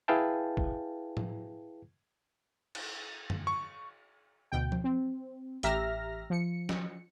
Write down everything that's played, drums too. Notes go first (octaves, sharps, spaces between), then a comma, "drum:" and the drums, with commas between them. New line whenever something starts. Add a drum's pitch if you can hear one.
E4 G#4 B4 F5 G5 A5
drum: kick
drum: tom A2
drum: cymbal
drum: tom
C#6
D2 B2 G5
drum: tom F3
C4
A1 G4 E5 A#5 F6 A#6, drum: hi-hat
F3 C#7
drum: snare